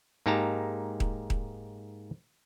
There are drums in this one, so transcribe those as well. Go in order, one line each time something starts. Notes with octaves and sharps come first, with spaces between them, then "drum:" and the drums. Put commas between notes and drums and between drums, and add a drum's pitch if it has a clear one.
G#2 A#3 D#4 G4 A5 A#5
drum: kick D#1
drum: kick D#1